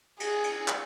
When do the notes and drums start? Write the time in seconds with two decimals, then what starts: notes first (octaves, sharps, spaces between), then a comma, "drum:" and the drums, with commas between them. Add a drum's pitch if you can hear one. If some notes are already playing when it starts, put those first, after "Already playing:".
0.20 G#4, drum: cymbal
0.44 drum: cymbal
0.68 drum: clap